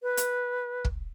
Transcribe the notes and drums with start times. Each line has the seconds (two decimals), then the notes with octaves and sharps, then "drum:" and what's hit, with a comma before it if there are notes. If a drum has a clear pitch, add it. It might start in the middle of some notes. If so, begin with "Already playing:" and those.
0.03 B4
0.17 drum: hi-hat
0.85 drum: kick